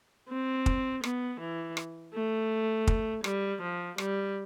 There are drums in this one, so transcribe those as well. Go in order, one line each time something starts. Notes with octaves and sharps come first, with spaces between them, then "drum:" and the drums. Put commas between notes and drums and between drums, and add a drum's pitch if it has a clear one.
C4
drum: kick
B3, drum: rim click
E3
drum: rim click
A3
drum: kick
G3, drum: rim click
F3
G3, drum: rim click